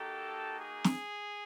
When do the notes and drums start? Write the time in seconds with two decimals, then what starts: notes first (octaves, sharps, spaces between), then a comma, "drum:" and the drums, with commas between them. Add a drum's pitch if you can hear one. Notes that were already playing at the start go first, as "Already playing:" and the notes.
Already playing: A#3 D#4 F#4 G4 A4
0.60 G#4
0.84 drum: snare